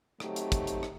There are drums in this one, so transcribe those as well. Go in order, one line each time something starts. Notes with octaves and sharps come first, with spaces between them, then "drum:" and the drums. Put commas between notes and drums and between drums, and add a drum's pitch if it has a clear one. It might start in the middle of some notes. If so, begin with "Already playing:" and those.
F#3 A3 C4 D#4 G4, drum: rim click
drum: hi-hat
drum: kick, hi-hat
drum: hi-hat
drum: rim click